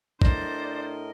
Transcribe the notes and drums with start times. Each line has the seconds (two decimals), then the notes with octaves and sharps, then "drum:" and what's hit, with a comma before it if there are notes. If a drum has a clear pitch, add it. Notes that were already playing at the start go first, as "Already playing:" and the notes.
0.22 A2 D4 A#4 C5 D5 D#5, drum: kick